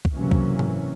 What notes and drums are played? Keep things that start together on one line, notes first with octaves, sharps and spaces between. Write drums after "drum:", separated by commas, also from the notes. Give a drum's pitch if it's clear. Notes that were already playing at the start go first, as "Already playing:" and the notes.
drum: kick C2
F#1 C3 E3 F#3 A#3 C#4
drum: kick C2
drum: tom G#2